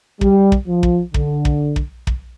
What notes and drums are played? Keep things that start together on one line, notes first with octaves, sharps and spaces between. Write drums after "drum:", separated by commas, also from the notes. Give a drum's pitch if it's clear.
G3, drum: kick
drum: kick
F3
drum: kick
D3, drum: kick
drum: kick
drum: kick
drum: kick